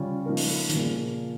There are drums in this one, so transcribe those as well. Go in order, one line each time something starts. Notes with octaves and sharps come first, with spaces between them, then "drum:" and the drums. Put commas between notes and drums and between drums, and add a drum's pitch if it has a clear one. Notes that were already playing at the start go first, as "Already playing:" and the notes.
Already playing: C#3 G3 C#4 F4
F3 A#3 D#4 A#4
drum: open hi-hat
D#3, drum: hi-hat
A#2 C#3 F3 A#3 F4 G#4